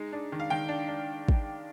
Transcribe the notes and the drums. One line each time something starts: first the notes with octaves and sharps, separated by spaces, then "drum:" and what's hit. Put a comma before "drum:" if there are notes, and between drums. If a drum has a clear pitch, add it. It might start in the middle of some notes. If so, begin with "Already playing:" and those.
Already playing: G#3 D#4
D4
D#3
F5
D#3 G5
D4
D4
drum: kick